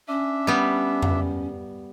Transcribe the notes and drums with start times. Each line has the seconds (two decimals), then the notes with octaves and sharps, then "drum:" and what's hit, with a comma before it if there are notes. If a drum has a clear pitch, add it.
0.08 C#4 D4 E5
0.47 G3 B3
1.03 drum: tom F2